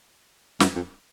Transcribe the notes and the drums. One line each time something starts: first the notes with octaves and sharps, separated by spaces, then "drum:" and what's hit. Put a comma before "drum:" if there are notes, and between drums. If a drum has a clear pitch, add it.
F#2, drum: snare
F2